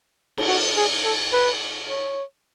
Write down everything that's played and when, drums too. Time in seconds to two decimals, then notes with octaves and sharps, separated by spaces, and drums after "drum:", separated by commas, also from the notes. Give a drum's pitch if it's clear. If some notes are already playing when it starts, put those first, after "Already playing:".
0.38 drum: cymbal
0.48 F#4
0.77 G#4
1.05 A4
1.33 B4
1.90 C#5